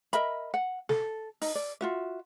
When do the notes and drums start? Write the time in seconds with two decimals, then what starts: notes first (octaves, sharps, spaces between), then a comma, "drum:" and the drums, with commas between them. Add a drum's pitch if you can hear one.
0.13 A#4 D#5 E5 B5, drum: hi-hat
0.54 F#5
0.89 A4, drum: snare
1.42 D#4, drum: open hi-hat
1.55 D5
1.81 F4 F#4 E5